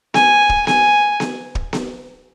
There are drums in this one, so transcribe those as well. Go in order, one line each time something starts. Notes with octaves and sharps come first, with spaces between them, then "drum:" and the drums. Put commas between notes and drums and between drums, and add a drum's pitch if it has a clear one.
G#5, drum: snare B3
drum: kick
G#5, drum: snare B3
drum: snare B3
drum: kick
drum: snare B3